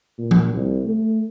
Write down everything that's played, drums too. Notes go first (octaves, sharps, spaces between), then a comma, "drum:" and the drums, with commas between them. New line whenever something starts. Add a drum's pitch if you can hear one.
A#2
drum: tom F3
C2
A3